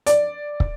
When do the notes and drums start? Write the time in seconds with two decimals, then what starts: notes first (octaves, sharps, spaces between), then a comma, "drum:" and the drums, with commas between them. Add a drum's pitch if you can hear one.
0.06 D5, drum: hi-hat
0.60 drum: kick